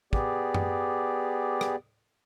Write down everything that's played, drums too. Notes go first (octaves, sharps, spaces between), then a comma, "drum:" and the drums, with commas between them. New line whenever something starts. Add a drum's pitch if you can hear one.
B3 G4 G#4 D5, drum: kick
drum: tom F#2
drum: rim click